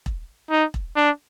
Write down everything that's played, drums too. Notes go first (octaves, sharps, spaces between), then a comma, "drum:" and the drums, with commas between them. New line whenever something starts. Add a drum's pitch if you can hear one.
drum: kick E1
D#4
drum: kick E1
D4